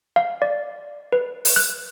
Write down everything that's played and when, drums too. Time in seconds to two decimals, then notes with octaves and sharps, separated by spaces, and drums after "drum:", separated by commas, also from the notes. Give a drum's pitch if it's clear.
0.16 F5
0.42 D5
1.12 B4
1.45 drum: open hi-hat
1.56 F#6